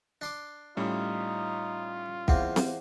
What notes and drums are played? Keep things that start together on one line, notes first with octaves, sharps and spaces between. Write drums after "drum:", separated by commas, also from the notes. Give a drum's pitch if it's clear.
D4 C6 D6
A2 G3 C#4 D#4 F4
E2 A#3 C4, drum: kick
drum: snare C4